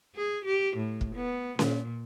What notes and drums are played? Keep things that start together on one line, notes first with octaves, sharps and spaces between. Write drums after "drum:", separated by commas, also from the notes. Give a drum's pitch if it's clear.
G#4
G4
A2
drum: kick
B3
A#2, drum: snare C#4